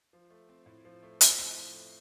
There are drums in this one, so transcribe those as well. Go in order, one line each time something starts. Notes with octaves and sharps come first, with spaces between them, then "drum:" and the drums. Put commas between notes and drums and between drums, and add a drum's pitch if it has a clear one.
F3
A3
C4
A2
F3
A3
C4, drum: hi-hat
A2
F3
A3